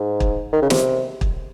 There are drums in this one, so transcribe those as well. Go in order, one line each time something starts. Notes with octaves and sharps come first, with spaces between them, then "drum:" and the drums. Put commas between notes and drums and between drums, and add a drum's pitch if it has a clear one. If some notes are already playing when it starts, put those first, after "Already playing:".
Already playing: G#2
drum: kick
D#3
C#3
C3, drum: snare
drum: kick